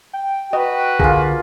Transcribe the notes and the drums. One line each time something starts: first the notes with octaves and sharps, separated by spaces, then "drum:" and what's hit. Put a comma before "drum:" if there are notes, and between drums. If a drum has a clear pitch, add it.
G5
F#4 B4 D#5
D3 A#3 F4 G#4, drum: kick B1